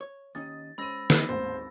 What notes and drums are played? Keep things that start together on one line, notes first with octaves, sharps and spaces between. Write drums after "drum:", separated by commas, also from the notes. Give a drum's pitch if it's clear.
C#5
D#2 C#4 D#4 D#6 A6
G#3 C#4 C5 B5 E6 A#6 D#7
drum: snare
A1 D#2 G#2 C4 C5